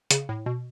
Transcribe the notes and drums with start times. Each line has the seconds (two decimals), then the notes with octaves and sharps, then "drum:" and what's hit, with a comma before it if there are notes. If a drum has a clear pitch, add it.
0.11 C#3, drum: hi-hat
0.29 A2
0.46 B2